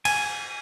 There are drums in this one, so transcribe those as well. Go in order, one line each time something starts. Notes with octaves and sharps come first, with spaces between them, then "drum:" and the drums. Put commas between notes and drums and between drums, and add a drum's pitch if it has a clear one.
G#5, drum: cymbal